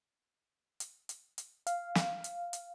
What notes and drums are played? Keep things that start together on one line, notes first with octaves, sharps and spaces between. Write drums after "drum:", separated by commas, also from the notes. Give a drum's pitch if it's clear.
drum: hi-hat
drum: hi-hat
drum: hi-hat
F5, drum: hi-hat
drum: snare
drum: hi-hat
drum: hi-hat